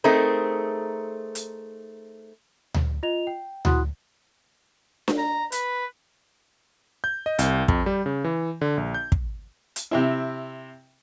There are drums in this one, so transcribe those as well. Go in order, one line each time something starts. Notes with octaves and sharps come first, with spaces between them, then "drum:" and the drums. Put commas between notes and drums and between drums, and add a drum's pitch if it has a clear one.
A3 C4 D#4 G#4 A#4 C5
drum: hi-hat
drum: tom D2
F4 D#5 F7
G5
E4 F#4 F#5 C6 D#6 F#6, drum: tom D2
drum: snare D4
A#5
B4, drum: hi-hat
G6
D#5
C2, drum: hi-hat
F2, drum: kick
G3
C#3
E3
D3
A#1
G6
drum: kick
drum: hi-hat
C3 C4 E4